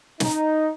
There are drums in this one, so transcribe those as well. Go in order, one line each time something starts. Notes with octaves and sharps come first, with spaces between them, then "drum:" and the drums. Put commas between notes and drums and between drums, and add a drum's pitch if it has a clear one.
D#4, drum: snare